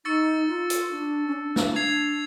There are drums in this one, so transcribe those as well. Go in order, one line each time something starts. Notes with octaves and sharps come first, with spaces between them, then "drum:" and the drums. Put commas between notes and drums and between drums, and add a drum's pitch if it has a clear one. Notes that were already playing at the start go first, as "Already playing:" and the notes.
D#4 C#6 E6 A6 C#7
F4
drum: hi-hat
D4
C#4
D4
drum: snare
D4 G#6 C7 F7